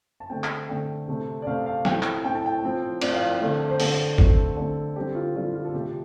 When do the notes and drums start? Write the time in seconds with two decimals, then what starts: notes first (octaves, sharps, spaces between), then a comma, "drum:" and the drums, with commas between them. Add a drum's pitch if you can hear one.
0.20 A5
0.30 D3 A3 C4 G5
0.44 drum: clap
0.69 D3 A3 C4 G5
1.08 C3 A3 C4
1.42 D5
1.47 C3 A3 C4 F5
1.66 F5
1.85 A2 A3 C4 G5, drum: snare
2.02 drum: clap
2.24 A2 A3 C4 G5
2.35 A5
2.46 G5
2.64 A2 F3 C4
3.01 A2 F3 C4 D5, drum: cymbal
3.13 F5
3.25 D5
3.41 D3 A3 C4
3.70 C5
3.80 D3 A3 C4 A4, drum: open hi-hat
4.18 D3 A3 C4, drum: kick G1
4.57 D3 A3 C4
4.96 D3 G3 C4 G4
5.15 F4
5.35 D3 G3 C4 F4
5.54 F4
5.65 A4
5.74 C3 F3 A3 G4